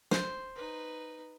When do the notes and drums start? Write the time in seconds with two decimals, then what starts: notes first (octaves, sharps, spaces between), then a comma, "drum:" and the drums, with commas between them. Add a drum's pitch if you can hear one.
0.11 C5, drum: snare
0.56 D#4 B4